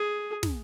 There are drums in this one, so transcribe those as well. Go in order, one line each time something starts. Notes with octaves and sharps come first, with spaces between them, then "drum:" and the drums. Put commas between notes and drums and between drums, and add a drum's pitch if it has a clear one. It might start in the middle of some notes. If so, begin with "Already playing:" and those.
Already playing: G#4
drum: snare